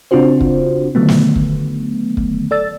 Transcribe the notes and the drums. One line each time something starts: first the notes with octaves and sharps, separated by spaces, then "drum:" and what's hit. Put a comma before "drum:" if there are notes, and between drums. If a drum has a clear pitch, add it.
C#3 C4 D4 F4 F#4 C5
drum: kick
D3 D#3 F#3 A3 B3
drum: snare
drum: kick
drum: kick
A4 D5 E6 A6